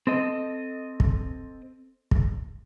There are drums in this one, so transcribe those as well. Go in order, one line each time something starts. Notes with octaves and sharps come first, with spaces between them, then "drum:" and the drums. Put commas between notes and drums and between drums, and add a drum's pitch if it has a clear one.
C4 A4 D#5
drum: kick
drum: kick